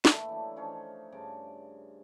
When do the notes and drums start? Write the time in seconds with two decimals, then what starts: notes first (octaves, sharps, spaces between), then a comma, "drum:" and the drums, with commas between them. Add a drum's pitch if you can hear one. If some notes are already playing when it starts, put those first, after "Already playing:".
0.05 A#2 E3 A3 E4, drum: snare
0.28 E3 F#3 D4
0.56 F3 C#4 D#4 C5
1.12 G2 C#3 A5 D6